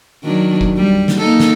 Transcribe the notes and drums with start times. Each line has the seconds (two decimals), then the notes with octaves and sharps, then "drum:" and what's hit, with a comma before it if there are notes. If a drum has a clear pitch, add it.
0.24 D#3 F#3 D4
0.61 drum: kick
0.77 G3
1.08 drum: snare
1.18 A#3 D#4 A4
1.40 drum: snare